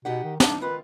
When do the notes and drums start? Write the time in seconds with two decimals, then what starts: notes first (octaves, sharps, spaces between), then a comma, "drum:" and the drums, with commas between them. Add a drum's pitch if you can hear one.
0.05 B2 D#4 G4 F#5
0.24 D#3
0.40 D4 D#4, drum: snare
0.62 D#3 F4 B4